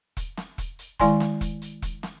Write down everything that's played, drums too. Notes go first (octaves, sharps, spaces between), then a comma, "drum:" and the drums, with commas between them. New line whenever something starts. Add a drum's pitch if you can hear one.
drum: kick E1, hi-hat
drum: snare
drum: kick E1, hi-hat
drum: hi-hat
D#3 G#3 E4 D5 G#5 C6, drum: kick E1, hi-hat
drum: snare
drum: kick E1, hi-hat
drum: hi-hat
drum: kick E1, hi-hat
drum: snare